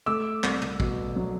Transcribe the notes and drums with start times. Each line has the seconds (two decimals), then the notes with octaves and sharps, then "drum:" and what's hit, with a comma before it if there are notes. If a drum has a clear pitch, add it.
0.06 A3 D6 E6
0.43 C2, drum: clap
0.61 drum: tom
0.80 B2, drum: kick
1.16 F#3